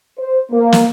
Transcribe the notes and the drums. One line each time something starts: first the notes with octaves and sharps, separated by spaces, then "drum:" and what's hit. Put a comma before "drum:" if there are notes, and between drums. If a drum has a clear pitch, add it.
C5
A#3
drum: snare